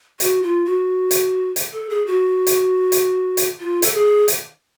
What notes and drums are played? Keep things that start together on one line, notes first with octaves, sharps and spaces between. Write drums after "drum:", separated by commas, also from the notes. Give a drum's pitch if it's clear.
F#4, drum: hi-hat
F4
F#4
drum: hi-hat
drum: hi-hat
A4
G#4
F#4
drum: hi-hat
drum: hi-hat
drum: hi-hat
F4
A4, drum: hi-hat
G#4
drum: hi-hat